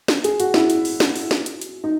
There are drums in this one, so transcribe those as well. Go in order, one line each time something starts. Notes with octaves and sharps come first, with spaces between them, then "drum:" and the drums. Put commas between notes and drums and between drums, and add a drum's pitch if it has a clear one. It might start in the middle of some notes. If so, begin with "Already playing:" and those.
drum: snare
G#4, drum: hi-hat
F#4, drum: hi-hat
E4, drum: snare
drum: hi-hat
drum: open hi-hat
drum: snare
drum: open hi-hat
drum: snare
drum: hi-hat
drum: hi-hat
D#4